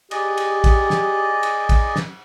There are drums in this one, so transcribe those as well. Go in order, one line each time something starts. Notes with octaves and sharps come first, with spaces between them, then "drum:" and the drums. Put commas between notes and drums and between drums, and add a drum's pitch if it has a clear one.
G4 G#4 D5 D#5, drum: cymbal
drum: cymbal
drum: kick, cymbal
drum: snare
drum: cymbal
drum: kick, cymbal
drum: snare